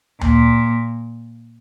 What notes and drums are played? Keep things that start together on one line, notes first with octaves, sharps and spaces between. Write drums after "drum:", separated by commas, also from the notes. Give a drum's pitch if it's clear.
A#2, drum: tom D2